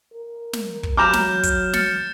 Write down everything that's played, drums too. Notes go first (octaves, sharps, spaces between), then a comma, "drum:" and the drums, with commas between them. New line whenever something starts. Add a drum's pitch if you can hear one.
A#4
drum: snare
drum: kick
F#3 A#5 B5 D6 F6 G6 E7
drum: snare
drum: kick, hi-hat
F6 A6 C#7, drum: snare